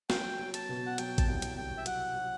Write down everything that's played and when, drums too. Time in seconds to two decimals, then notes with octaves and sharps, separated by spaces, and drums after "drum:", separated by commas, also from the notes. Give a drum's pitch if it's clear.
0.10 F#3 G5, drum: snare
0.39 F#3
0.54 A5, drum: hi-hat
0.69 B2
0.86 F#5
0.98 F#3 G5, drum: hi-hat
1.18 A5, drum: kick A1, hi-hat
1.28 C2 G5
1.42 drum: hi-hat
1.57 C2 G5
1.77 E5
1.86 F#3 F#5, drum: hi-hat
2.16 F#3